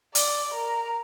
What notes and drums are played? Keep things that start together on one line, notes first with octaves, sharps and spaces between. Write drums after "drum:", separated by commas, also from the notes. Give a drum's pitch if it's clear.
D5, drum: hi-hat
A#4